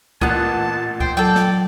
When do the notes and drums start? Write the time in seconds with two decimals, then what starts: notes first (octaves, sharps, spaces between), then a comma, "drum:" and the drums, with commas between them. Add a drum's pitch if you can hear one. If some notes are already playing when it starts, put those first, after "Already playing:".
0.21 A1 A#2 B3 A5 F#6, drum: kick C2
1.00 C5 G5, drum: kick C2
1.17 F#3 A4 D5 G5
1.36 drum: snare